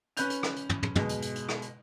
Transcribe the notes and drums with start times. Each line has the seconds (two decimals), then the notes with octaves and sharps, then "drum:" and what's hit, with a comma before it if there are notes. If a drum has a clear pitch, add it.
0.17 C#4 B4 F#6 G6 F7, drum: hi-hat
0.30 drum: hi-hat
0.43 drum: rim click
0.56 drum: hi-hat
0.69 drum: tom
0.83 drum: tom
0.95 B2 G#3, drum: tom
1.09 drum: hi-hat
1.22 drum: hi-hat
1.35 drum: hi-hat
1.49 drum: rim click
1.62 drum: hi-hat